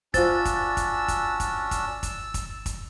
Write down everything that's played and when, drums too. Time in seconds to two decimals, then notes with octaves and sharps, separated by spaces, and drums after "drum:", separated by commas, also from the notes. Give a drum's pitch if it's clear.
0.14 C#4 D4 F4 F#4 C5 E6 A6, drum: kick, hi-hat
0.45 drum: kick, hi-hat
0.77 drum: kick, hi-hat
1.08 drum: kick, hi-hat
1.40 drum: kick, hi-hat
1.71 drum: kick, hi-hat
2.03 drum: kick, hi-hat
2.34 drum: kick, hi-hat
2.66 drum: kick, hi-hat